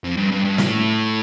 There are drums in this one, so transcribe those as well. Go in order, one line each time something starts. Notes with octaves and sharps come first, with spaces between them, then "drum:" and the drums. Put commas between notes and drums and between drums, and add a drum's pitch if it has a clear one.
F2
G2
G2
G2
A2, drum: snare